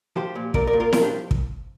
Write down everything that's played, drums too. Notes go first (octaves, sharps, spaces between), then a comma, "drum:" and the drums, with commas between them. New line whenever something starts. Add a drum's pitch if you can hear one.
F3 G4 C5
A#2
A#2 A#4 D5, drum: kick
A#4 D5
A#2
F4 A#4
F3 F4 A#4, drum: snare E4
D4 G4
drum: kick